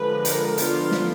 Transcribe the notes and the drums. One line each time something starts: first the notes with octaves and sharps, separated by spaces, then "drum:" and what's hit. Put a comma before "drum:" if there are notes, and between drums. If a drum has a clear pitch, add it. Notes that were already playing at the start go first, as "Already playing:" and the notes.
Already playing: D3 F3 G#3 B4
A#4, drum: hi-hat
D3 F3 B3 D4 F4, drum: hi-hat
drum: snare